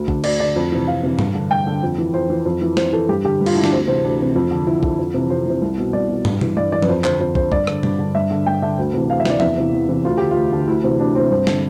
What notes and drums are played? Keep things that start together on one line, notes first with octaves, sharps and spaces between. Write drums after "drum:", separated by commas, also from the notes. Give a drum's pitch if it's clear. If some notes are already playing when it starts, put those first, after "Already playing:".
Already playing: D2
D3, drum: kick
D2 D5, drum: cymbal
D3 D5
F2
C3 E3
F2 F5
C3 E3
G2, drum: tom
D3
G2 G5
D3
F2
E3
F2 C5
E3
F2
E3
F2 C5, drum: snare
E3 A4
G2 G4
D3 G4
G2
F4, drum: cymbal
D3 E4
D4, drum: snare
D2 C4
C3 E3 C4
D2 D4
C3 E3
F2
D3
F2 E4
D3, drum: kick
F2
C3 E3
F2 C5
C3 E3
C2
B2
C2 D5
B2
G2, drum: tom
E3, drum: tom
G2 D5
E3 D5
B4, drum: tom
F2 C5
D3 C5, drum: clap
F2 C5
D3 C5, drum: kick
G2 D5, drum: kick
D3, drum: rim click
G2, drum: tom
D3
G2 E5
D3
G2 G5
D3 E5
D2
C3 E3
D2 F5
E5
C3 E3 D5, drum: snare
E2 E5, drum: tom
C3 E3
E2
C3 E3
D2 F4
D3 G4
F4
D2
D3
D2 E4
C3 E3 C4
D2 D4
C3 E3 C4
G2 C4
D3, drum: snare